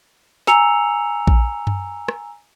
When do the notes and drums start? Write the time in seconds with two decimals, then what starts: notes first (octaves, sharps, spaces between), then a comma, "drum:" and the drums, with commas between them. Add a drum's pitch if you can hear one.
0.47 G#5 A#5 E6 C#7 F7, drum: snare
1.27 drum: kick A#1
1.67 drum: tom F#2
2.08 drum: rim click